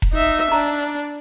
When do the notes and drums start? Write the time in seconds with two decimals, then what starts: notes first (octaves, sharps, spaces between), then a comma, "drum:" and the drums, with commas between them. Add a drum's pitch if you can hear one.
0.02 drum: kick E1
0.13 D#4 E5
0.52 D4 A#5